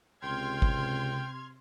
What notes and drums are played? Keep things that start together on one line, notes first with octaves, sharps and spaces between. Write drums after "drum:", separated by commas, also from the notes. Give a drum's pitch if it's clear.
C#2 C3 G5 C6 F6 G#6
drum: kick G#1